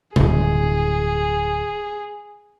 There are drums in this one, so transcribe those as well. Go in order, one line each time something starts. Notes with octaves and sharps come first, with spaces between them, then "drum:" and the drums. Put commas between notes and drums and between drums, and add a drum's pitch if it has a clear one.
D1 G2 G#4, drum: tom C3